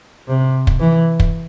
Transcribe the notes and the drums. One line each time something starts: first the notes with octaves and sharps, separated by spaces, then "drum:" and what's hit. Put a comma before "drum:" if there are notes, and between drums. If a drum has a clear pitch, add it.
C3
drum: kick
E3
drum: kick